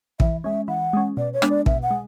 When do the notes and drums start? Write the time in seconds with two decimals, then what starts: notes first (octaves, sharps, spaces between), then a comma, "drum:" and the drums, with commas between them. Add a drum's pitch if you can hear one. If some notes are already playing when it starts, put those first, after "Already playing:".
0.20 E3 E5, drum: kick
0.44 G#3 C#4 E5
0.68 E3 F#5
0.93 G#3 C#4
1.17 B2 D5
1.33 C#5
1.42 G#3 B3 D4, drum: rim click
1.50 D5
1.66 B2 E5, drum: kick
1.83 F#5
1.91 G#3